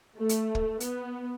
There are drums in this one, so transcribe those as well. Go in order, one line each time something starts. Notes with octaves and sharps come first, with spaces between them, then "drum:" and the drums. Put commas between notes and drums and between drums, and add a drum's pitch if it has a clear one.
A3
drum: hi-hat
drum: kick
B3, drum: hi-hat